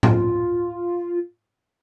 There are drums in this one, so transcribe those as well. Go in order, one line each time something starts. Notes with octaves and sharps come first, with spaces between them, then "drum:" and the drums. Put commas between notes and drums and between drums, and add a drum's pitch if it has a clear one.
F4, drum: tom A2